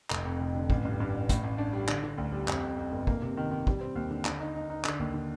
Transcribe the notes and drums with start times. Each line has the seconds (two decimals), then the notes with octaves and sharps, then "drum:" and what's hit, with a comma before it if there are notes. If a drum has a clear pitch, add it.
0.10 F1, drum: clap
0.25 F2
0.40 F1
0.55 D3
0.70 A1, drum: kick
0.85 G2
1.00 G2
1.15 A1
1.29 A2, drum: kick, hi-hat
1.44 A1
1.58 D4
1.73 G3
1.88 D3, drum: clap
2.04 D3
2.18 D2
2.32 G3
2.48 F2, drum: clap
2.63 F2
2.77 F2
2.92 G1
3.07 A#3, drum: kick
3.22 C3
3.37 D#3
3.51 D#3
3.67 G3, drum: kick
3.81 C4
3.96 D#2
4.11 D3
4.25 D3, drum: clap
4.40 D#4
4.56 D#4
4.70 D#4
4.85 D3, drum: clap
5.00 D#2
5.14 D3